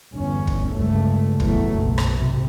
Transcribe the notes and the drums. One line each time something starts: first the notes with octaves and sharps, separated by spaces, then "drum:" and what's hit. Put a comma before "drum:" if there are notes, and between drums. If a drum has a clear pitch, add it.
G1 E2 C#4
drum: kick
C#2 G2 A3
E2 A2 F#3 A3, drum: kick
F#1 B1
drum: rim click
G#1 C3